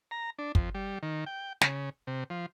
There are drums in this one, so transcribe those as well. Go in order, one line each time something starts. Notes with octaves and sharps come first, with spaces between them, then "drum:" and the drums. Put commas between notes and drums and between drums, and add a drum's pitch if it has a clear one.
A#5
D4
F2, drum: kick
G3
D#3
G5
C#3, drum: snare
C3
F3